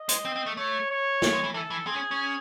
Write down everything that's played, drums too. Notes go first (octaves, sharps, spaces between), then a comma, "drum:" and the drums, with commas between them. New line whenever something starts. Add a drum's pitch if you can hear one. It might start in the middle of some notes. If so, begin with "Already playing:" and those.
Already playing: D#5
G#3, drum: hi-hat
C4
C4
A3
A3 C#5
C#5
A3, drum: snare
G#3
E3
E3 A4
E3
C4 G#4
C#4
C#4